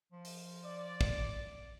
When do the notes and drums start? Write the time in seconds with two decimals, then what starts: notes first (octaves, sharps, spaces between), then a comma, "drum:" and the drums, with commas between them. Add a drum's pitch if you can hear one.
0.12 F3
0.25 drum: open hi-hat
0.64 D5
1.01 drum: kick